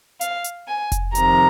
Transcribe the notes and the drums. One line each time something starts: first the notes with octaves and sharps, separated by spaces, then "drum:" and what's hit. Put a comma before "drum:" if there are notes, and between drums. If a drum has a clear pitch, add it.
F5, drum: hi-hat
drum: hi-hat
G#5
drum: kick F1, hi-hat
F2 C3 D#3 A#5, drum: hi-hat